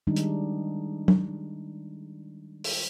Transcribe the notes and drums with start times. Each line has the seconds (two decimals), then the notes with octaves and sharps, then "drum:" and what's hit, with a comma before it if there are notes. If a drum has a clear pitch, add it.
0.07 D#3 G3 G#3 D4 D#4
0.16 drum: hi-hat
1.08 drum: tom F#3
2.64 drum: open hi-hat